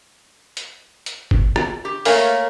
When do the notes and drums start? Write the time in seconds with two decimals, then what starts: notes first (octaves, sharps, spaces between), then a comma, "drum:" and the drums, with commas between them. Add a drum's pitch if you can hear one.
0.57 drum: hi-hat
1.06 drum: hi-hat
1.31 drum: kick
1.56 drum: rim click
1.85 G4
2.05 A3 A#3 A#4 C#5 F5 G#5, drum: open hi-hat